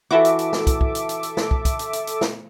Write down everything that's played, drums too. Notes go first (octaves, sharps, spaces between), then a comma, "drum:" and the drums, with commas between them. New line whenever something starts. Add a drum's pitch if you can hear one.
E3 F#4 A4 E5 D6
drum: hi-hat
drum: hi-hat
drum: snare
drum: kick, hi-hat
drum: kick
drum: hi-hat
drum: hi-hat
drum: hi-hat
drum: snare
drum: kick
drum: kick, hi-hat
drum: hi-hat
drum: hi-hat
drum: hi-hat
drum: snare